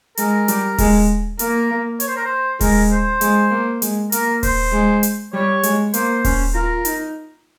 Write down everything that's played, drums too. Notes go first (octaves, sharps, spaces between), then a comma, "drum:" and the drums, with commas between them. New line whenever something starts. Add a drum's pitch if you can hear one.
G#3 A#4, drum: hi-hat
G3, drum: hi-hat
G#3, drum: kick D#1, open hi-hat
A#3 A#4, drum: hi-hat
C#5, drum: hi-hat
C5
A#4
C5
G#3 A#4, drum: kick D#1, open hi-hat
C5
G#3, drum: hi-hat
A#3
G#3, drum: hi-hat
A#3 A#4, drum: hi-hat
C5, drum: kick D#1, open hi-hat
G#3
drum: hi-hat
G3 C#5
G#3, drum: hi-hat
A#3 C5, drum: hi-hat
C#4, drum: kick D#1, open hi-hat
F4 A#4
D#4, drum: hi-hat